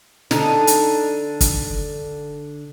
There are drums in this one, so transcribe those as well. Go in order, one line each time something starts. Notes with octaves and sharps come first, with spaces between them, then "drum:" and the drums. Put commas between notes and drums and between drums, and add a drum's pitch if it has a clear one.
D3 D#4, drum: snare
drum: hi-hat
drum: kick, hi-hat